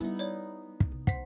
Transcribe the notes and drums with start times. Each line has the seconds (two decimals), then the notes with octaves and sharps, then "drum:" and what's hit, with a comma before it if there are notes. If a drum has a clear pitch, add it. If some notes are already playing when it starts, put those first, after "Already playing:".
0.01 G3 B3 D#4 E4
0.19 C#5 D5
0.80 drum: kick
0.92 C3
1.07 C5 F#5 B6, drum: kick